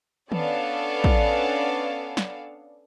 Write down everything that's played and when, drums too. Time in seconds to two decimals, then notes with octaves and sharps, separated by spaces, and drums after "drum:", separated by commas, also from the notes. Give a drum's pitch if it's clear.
0.32 B3 C#4 D4 A4 D5 F5, drum: tom D#3
1.04 drum: kick
2.17 drum: snare